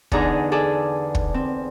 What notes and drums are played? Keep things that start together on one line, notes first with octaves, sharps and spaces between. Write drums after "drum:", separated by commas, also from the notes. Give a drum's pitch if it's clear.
E2 D3 D4 D#4 G#4 A#5, drum: kick
G#4 A4 D5
drum: kick
C4